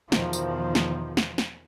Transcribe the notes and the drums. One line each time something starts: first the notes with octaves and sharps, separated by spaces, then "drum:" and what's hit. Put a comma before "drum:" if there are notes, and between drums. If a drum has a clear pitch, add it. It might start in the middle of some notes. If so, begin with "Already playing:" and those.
E2 B2 D#3 F3, drum: snare
drum: tambourine
drum: snare
drum: snare
drum: snare